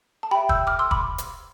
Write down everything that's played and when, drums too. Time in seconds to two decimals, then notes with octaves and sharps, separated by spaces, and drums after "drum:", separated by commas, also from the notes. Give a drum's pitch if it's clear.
0.23 A5
0.31 G4 C5 E5 G5 B5
0.49 E6 G6, drum: kick
0.67 D6 F6
0.79 C6 E6
0.91 B5 D6, drum: kick
1.18 drum: hi-hat